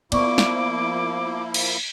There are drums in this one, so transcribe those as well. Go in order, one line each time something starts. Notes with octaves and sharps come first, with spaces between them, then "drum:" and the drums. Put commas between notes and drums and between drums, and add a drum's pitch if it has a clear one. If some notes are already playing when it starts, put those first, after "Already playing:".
F3 A#3 B3 E4 D5 C#6 D6, drum: cymbal
drum: snare
drum: cymbal